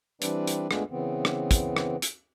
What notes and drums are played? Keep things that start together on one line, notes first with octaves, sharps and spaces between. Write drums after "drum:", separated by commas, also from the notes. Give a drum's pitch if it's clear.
E3 G3 C4 D4 B4 D5, drum: hi-hat
drum: hi-hat
G#3 A3 B3 D4 F4 G#4, drum: rim click
C#3 E3 B3 C4
drum: rim click
drum: kick, hi-hat
drum: rim click
drum: hi-hat